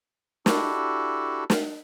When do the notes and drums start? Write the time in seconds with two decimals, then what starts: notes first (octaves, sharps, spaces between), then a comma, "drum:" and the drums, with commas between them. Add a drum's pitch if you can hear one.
0.46 D4 E4 F#4 G4 A4, drum: snare
1.50 drum: snare